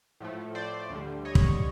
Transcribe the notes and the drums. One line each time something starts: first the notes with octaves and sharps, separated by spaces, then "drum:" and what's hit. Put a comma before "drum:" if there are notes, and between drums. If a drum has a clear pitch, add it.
A2 F3 A3
C5 D5
D2 D3 G3
C#5 D#5
drum: kick